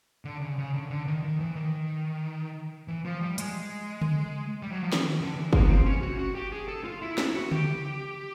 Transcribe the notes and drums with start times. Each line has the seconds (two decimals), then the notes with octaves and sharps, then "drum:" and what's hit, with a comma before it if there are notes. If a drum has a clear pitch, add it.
0.25 D3
0.41 C#3
0.58 C#3
0.73 D3
0.90 D3
1.07 D#3
1.23 D#3
1.40 E3
1.56 D#3
2.88 E3
3.05 F3
3.21 G3
3.38 G#3, drum: hi-hat
4.01 drum: tom C#3
4.62 G3
4.72 F#3
4.83 F3
4.93 E3, drum: snare
5.03 D#3
5.21 D3
5.36 E3
5.53 A#3, drum: kick
5.63 B3
5.69 C4
5.86 C#4
6.02 F#4
6.18 F#4
6.35 G4
6.52 G#4
6.68 A4
6.85 F4
7.02 E4
7.18 E4, drum: snare
7.35 F#4
7.52 G4, drum: tom C#3